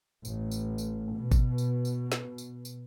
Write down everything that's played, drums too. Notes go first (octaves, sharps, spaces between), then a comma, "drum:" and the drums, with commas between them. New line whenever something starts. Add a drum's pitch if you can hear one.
A1, drum: tambourine
drum: tambourine
drum: tambourine
B2
drum: kick G#1, tambourine
drum: tambourine
drum: tambourine
drum: snare
drum: tambourine
drum: tambourine